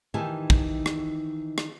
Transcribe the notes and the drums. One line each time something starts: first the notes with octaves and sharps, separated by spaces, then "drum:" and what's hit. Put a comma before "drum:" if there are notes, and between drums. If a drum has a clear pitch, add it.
D#3 E3 D#4 G4 G#5 A5
drum: kick
drum: rim click
drum: rim click